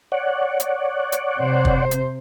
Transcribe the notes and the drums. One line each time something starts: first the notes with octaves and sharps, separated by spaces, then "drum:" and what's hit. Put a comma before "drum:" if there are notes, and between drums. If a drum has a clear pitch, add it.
C#5 D5 F#5
drum: hi-hat
drum: hi-hat
C3 C5
drum: kick
drum: hi-hat